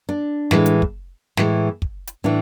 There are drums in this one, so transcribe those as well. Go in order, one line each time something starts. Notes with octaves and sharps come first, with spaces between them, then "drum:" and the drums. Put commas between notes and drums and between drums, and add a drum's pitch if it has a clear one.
D4
A2 E3 G#3, drum: snare
drum: hi-hat
drum: kick
A2 E3 G#3, drum: snare
drum: kick
drum: hi-hat
A2 E3 D4